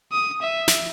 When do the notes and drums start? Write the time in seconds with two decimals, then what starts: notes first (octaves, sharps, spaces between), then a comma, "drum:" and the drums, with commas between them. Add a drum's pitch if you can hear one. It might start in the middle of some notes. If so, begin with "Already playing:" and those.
0.12 D#6
0.43 E5
0.68 drum: snare